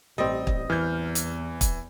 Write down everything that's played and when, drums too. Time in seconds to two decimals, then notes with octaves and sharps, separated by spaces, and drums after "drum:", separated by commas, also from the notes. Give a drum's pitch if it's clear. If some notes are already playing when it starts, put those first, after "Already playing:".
0.18 A1 G3 C4 D#5
0.47 drum: kick
0.70 E2 E3 F6 G6
1.15 drum: hi-hat
1.61 drum: kick, hi-hat